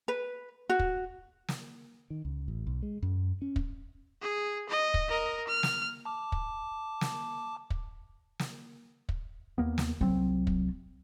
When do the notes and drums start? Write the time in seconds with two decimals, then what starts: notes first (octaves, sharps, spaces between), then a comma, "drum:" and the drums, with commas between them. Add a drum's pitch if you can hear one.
0.08 B4
0.69 F#4
0.79 drum: kick
1.49 drum: snare
2.10 D#3
2.25 C#2
2.48 A1
2.67 B1
2.83 G#3
3.02 F#2
3.42 C#4
3.56 drum: kick
4.21 G#4
4.69 D#5
4.94 drum: kick
5.10 A#4 D#5
5.47 F6
5.63 drum: snare
6.05 A5 D6
6.32 drum: kick
7.01 drum: snare
7.70 drum: kick
8.40 drum: snare
9.09 drum: kick
9.58 D#2 A#3 B3
9.78 drum: snare
10.01 C2 F#3 C4
10.47 drum: kick